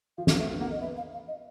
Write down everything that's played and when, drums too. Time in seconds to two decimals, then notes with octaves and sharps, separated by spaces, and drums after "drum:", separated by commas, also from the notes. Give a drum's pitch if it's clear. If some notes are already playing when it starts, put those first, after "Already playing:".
0.18 F3 F5
0.27 drum: snare
0.39 A3 E5
0.60 A#3 F#5
0.71 D#5
0.81 B3 E5
0.97 F5
1.13 F5
1.28 D#5